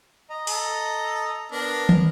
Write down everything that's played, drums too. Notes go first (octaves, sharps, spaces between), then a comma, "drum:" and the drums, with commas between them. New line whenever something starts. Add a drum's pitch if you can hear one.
D#5 A#5
A4, drum: open hi-hat
B3 D4 A#4
drum: tom